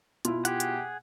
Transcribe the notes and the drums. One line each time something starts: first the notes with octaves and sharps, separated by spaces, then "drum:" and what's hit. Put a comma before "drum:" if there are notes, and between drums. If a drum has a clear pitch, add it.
B2 E4 F4, drum: hi-hat
G4 G#4 F#5, drum: hi-hat
drum: hi-hat